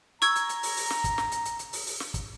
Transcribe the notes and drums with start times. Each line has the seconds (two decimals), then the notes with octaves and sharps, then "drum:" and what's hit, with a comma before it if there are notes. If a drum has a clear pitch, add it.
0.22 A#5 C#6 E6 G#6, drum: hi-hat
0.35 drum: hi-hat
0.49 drum: hi-hat
0.63 drum: open hi-hat
0.77 drum: open hi-hat
0.90 drum: snare
1.04 drum: kick, hi-hat
1.18 drum: snare
1.32 drum: hi-hat
1.45 drum: hi-hat
1.59 drum: hi-hat
1.73 drum: open hi-hat
1.87 drum: open hi-hat
2.00 drum: snare
2.14 drum: kick, hi-hat